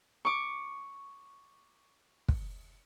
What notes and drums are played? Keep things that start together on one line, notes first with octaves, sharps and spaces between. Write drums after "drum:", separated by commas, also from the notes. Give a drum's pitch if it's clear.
C#6 D6
drum: kick